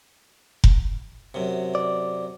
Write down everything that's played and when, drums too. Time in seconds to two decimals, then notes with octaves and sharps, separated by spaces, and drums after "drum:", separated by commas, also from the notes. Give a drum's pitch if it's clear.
0.64 drum: kick F1
1.34 F#2 C3
1.75 D5